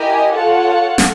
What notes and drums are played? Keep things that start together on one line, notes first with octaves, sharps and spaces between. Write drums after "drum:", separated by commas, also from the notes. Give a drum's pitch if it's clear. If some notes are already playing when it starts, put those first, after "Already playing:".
Already playing: E4 G4 A#4 D#5 G#5
F4 A4 C#5 F#5 A5
drum: snare